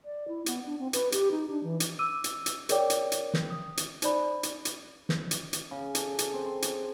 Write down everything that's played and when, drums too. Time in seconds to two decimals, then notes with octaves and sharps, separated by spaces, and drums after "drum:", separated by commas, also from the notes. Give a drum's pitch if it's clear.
0.05 D5
0.28 E4
0.46 B3, drum: hi-hat
0.66 D4
0.79 C4
0.93 B4, drum: hi-hat
1.12 G4, drum: hi-hat
1.31 D#4
1.50 D4
1.63 E3
1.80 drum: hi-hat
1.99 D6 E6 D#7
2.24 drum: hi-hat
2.46 drum: hi-hat
2.69 G#4 A#4 C#5 D5 G5 D6, drum: hi-hat
2.90 drum: hi-hat
3.12 drum: hi-hat
3.34 drum: snare
3.50 D#6
3.77 drum: hi-hat
4.02 D#4 C5 D5 B5, drum: hi-hat
4.43 drum: hi-hat
4.65 drum: hi-hat
5.09 drum: snare
5.31 drum: hi-hat
5.53 drum: hi-hat
5.71 C#3
5.95 A4, drum: hi-hat
6.19 drum: hi-hat
6.34 C4
6.45 C6
6.62 G#4, drum: hi-hat